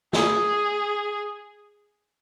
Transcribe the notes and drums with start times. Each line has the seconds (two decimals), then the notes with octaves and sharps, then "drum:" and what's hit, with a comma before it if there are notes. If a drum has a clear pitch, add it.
0.13 G#4, drum: snare